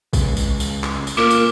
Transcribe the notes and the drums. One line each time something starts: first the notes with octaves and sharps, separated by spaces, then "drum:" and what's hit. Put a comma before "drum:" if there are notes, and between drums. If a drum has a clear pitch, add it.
C#2, drum: kick A#1, tambourine
drum: tambourine
drum: tambourine
drum: clap
drum: tambourine
A#2 A#4 D6 F6
drum: tambourine